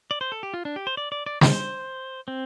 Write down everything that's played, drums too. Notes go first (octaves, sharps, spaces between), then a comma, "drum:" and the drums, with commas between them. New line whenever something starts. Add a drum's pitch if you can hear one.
D5
C5
A4
G4
F4
D4
G4
C5
D5
D5
D5
C5, drum: snare
C4